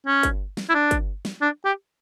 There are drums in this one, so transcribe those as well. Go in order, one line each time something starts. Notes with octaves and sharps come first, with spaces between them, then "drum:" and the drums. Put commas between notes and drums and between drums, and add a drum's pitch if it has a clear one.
C#4
drum: kick, hi-hat
drum: snare
E4
D4
drum: kick, hi-hat
drum: snare
D4
G4